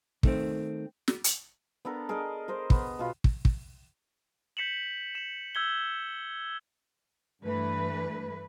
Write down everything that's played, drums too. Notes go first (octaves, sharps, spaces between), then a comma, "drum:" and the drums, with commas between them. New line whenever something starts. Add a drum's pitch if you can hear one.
D#3 A3 C4, drum: kick
drum: snare
drum: hi-hat
B3 D4 A4 A#4
G#4 A#4 D5 D#5
A#4 C5 D#5
B3, drum: kick
B2 F4 B5
drum: kick
drum: kick
G6 B6 C#7 E7 F#7
E7 F#7
E6 G6 G#6 B6 G7
G2 E3 A3 B4